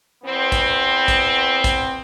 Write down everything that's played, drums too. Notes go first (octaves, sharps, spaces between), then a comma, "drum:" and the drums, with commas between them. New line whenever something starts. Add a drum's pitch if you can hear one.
E2 B3 C4
drum: kick, hi-hat
drum: kick, hi-hat
drum: kick, hi-hat